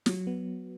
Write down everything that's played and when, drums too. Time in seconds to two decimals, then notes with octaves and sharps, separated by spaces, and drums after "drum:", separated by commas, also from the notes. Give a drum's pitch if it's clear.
0.06 F#3, drum: snare
0.27 B3